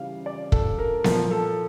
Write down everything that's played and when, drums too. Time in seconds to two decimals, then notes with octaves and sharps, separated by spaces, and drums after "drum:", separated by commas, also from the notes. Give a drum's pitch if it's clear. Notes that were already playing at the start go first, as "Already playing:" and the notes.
Already playing: C#3 E3 G3 F5
0.26 D5
0.52 A4, drum: kick
0.79 A#4
1.04 A#2 F3 A#4, drum: snare B3
1.31 A4